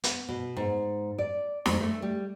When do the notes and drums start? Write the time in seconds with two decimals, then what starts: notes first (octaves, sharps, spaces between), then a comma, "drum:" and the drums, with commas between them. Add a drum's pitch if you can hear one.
0.04 B3, drum: hi-hat
0.29 B2
0.56 G#2
1.18 D5
1.66 F2, drum: snare
1.80 A3
2.02 G3